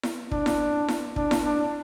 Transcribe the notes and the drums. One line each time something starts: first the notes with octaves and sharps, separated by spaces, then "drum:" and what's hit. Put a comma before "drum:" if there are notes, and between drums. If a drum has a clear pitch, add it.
drum: snare E4
D4, drum: kick
drum: snare E4
drum: snare E4
D4, drum: kick
drum: snare E4
D4